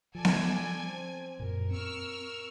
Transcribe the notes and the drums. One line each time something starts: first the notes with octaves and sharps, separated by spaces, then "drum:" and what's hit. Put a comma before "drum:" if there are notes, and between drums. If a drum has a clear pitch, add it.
F3 A4 D5 G#5 G#6
drum: snare B3
C4
F#2 A#2 A#4
C4 C#6 E6 F6